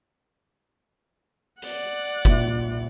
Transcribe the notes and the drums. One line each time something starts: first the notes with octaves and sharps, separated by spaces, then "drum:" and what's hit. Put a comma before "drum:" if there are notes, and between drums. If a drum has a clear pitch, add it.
D5 F#5, drum: hi-hat
A#2 E5, drum: kick F#1